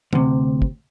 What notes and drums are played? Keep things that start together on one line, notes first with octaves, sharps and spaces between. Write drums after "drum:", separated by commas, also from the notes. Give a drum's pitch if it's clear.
D2 C3, drum: tom
drum: kick